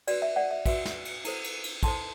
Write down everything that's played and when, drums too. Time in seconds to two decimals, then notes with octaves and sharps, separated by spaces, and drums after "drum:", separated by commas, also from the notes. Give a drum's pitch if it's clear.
0.07 F#4 B4 D5, drum: cymbal
0.22 E5
0.36 D5 F#5
0.51 E5
0.66 F#4 B4 E5, drum: kick, cymbal
0.86 drum: snare
1.05 drum: cymbal
1.25 E4 A4 C5, drum: cymbal
1.44 drum: cymbal
1.64 drum: cymbal
1.83 E4 A4 C5 A5 C6, drum: kick, cymbal